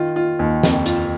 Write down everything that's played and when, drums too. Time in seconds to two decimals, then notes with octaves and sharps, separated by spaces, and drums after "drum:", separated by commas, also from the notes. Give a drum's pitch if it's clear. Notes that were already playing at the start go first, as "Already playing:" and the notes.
Already playing: D#3 F4
0.16 F4
0.39 D#2
0.63 F2, drum: snare
0.86 F4, drum: hi-hat